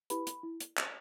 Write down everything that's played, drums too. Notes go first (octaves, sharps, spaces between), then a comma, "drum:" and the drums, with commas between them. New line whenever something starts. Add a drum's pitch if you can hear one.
E4 G4 B4 B5, drum: hi-hat
drum: hi-hat
E4
drum: hi-hat
drum: clap